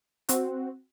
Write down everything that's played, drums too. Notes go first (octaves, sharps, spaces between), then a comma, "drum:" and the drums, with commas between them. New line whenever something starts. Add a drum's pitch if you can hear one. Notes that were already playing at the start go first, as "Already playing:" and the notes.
C4 F#4, drum: hi-hat